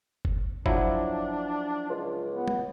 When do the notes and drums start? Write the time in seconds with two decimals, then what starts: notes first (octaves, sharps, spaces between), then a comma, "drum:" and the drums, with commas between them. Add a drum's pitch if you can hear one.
0.25 drum: kick F#1
0.66 F3 F#3 D4 E4, drum: kick F#1
1.90 C#2 F4
2.34 B3
2.48 drum: tom